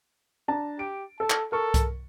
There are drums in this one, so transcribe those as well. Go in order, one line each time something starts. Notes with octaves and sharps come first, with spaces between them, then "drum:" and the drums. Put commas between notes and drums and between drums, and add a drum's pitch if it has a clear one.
D4 A5 A#5
G4 D7
A4 A5
drum: clap
A4 A#4 C#6
drum: kick C2, hi-hat